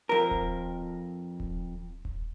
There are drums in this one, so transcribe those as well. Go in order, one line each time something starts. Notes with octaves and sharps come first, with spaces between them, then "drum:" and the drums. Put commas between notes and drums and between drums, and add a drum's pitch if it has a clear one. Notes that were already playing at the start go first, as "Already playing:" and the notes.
F2 A#4
drum: kick D#1
drum: kick D#1
drum: kick D#1